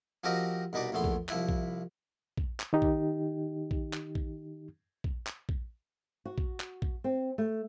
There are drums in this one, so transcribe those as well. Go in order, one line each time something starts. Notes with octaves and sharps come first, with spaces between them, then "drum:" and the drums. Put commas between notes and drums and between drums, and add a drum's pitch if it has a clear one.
F3 C4 F#4 G4 A#4 D#5
C2 B2 D#4 B4 D5
A#1 E2 A3 B3 C6
drum: kick
C2 F3 E4 B5, drum: clap
drum: kick
drum: kick
drum: clap
D#3 D#4 G4
drum: kick
drum: kick
drum: clap
drum: kick
drum: kick
drum: clap
drum: kick
F#4
drum: kick
drum: clap
drum: kick
C4
A3